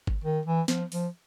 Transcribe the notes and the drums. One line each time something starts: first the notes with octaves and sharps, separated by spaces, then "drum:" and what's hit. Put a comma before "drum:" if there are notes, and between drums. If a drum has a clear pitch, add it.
drum: kick G1
D#3
E3
F3, drum: snare
F3, drum: open hi-hat